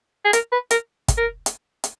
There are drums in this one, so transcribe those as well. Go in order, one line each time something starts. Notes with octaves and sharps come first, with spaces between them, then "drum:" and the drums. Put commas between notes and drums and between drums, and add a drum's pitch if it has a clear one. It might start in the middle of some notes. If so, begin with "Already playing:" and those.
G#4
A#4, drum: hi-hat
B4
A#4, drum: hi-hat
drum: kick, hi-hat
A#4
drum: hi-hat
drum: hi-hat